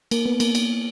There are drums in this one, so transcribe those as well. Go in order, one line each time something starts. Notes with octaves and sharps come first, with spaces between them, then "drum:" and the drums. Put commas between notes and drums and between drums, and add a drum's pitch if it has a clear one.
A#3, drum: cymbal
B3
A#3, drum: cymbal
drum: cymbal